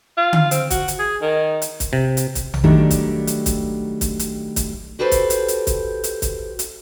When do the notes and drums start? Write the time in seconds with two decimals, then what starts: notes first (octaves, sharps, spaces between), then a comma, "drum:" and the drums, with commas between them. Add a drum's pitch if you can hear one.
0.18 F4
0.33 drum: tom D3
0.51 C4, drum: hi-hat
0.70 F#4, drum: kick, hi-hat
0.88 drum: hi-hat
0.99 G#4
1.22 D#3
1.62 drum: hi-hat
1.80 drum: kick, hi-hat
1.93 C3
2.17 drum: hi-hat
2.35 drum: kick, hi-hat
2.54 drum: tom A#1
2.64 D#3 F#3 G3 A3 D4
2.91 drum: kick, hi-hat
3.27 drum: hi-hat
3.46 drum: kick, hi-hat
4.01 drum: kick, hi-hat
4.19 drum: hi-hat
4.56 drum: kick, hi-hat
4.99 F#4 G4 A4 B4 C5
5.11 drum: kick, hi-hat
5.30 drum: hi-hat
5.48 drum: hi-hat
5.67 drum: kick, hi-hat
6.04 drum: hi-hat
6.22 drum: kick, hi-hat
6.59 drum: hi-hat